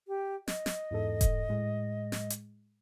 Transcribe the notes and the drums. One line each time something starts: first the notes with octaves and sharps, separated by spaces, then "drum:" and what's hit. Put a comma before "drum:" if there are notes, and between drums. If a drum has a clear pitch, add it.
G4
D#5, drum: snare
drum: snare
E2 G#2 A4
drum: kick E1, hi-hat
A2 G#3
drum: snare
drum: hi-hat